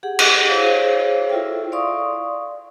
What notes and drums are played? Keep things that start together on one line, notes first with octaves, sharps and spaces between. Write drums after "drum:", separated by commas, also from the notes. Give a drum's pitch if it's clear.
G4 G#4 F#5
drum: cymbal
E4 F#4 G#4 C5 C#5 F5
E4 F4 A4 E5 G5
D5 F5 C6 C#6 D#6